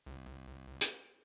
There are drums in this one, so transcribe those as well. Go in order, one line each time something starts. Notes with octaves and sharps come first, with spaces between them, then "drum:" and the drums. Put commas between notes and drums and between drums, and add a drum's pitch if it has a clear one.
C2
drum: hi-hat